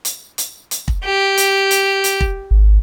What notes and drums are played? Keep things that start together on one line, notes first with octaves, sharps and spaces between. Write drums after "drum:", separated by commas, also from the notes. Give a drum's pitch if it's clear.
drum: hi-hat
drum: hi-hat
drum: hi-hat
drum: kick
G4
drum: hi-hat
drum: hi-hat
drum: hi-hat
drum: kick
G#1